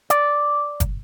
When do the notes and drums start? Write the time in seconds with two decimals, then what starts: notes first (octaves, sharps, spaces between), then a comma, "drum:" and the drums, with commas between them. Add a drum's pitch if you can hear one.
0.10 D5, drum: hi-hat
0.80 drum: kick, hi-hat